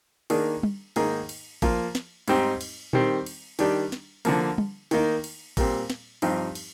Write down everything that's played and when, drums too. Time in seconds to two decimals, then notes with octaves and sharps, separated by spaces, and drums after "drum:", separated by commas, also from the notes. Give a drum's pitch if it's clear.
0.30 D#3 A#3 D4 G#4, drum: cymbal
0.63 drum: tom
0.96 G#2 D#3 A#3 D#4 G#4, drum: cymbal
1.29 drum: cymbal
1.62 F3 A#3 F4, drum: kick, cymbal
1.95 drum: snare
2.28 G#2 G3 C4 D#4 G4, drum: cymbal
2.61 drum: cymbal
2.93 D#3 G3 C4, drum: tom A#2
3.26 drum: cymbal
3.59 D#3 G3 D4, drum: cymbal
3.92 drum: snare
4.25 D3 F3 A#3, drum: cymbal
4.58 drum: tom
4.91 D#3 A#3 D#4, drum: cymbal
5.24 drum: cymbal
5.57 A#2 G3 C4, drum: kick, cymbal
5.90 drum: snare
6.22 G2 F3 C4 D#4 G4, drum: cymbal
6.55 drum: cymbal